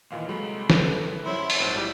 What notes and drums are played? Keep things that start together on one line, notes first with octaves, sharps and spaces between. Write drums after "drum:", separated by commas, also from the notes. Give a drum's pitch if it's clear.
D#2 A#2 E3 E4 F5
C2 F#3 G#3 A4 B5
B4, drum: snare
F#2 F#3 E4 C5 C#5 C6
drum: open hi-hat
A#1 G#2 C4 A5
G3 E4